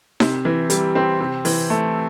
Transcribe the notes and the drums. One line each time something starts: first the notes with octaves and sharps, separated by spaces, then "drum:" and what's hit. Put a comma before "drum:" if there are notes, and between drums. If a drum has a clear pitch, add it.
C3, drum: snare D#4
E3
G3, drum: hi-hat
C4
C3
E3, drum: open hi-hat
A3